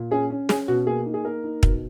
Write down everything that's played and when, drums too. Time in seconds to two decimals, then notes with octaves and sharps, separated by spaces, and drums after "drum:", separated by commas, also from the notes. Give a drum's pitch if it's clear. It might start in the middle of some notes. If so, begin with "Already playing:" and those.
Already playing: A#2
0.11 C#4 G#4
0.30 C#4
0.49 C#4 G#4, drum: snare
0.68 B2 F#4
0.87 A#3 G#4
1.06 D#4
1.14 G#4
1.25 A#3 A#4
1.44 D#4
1.63 B2, drum: kick